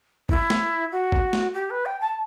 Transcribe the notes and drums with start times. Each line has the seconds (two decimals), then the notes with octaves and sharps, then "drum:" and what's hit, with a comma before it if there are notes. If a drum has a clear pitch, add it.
0.29 E4, drum: kick G#1
0.50 drum: snare
0.91 F#4
1.12 drum: kick G#1
1.33 drum: snare
1.53 G4
1.70 B4
1.85 G5
2.00 A5